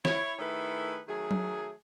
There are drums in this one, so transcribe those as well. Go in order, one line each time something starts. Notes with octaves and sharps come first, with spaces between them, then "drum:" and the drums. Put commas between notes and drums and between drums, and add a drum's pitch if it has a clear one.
E4 C#5, drum: snare
D#3 A3 E4 G#4 A4 B4
D#3 F#3 A3 G#4
drum: tom F#3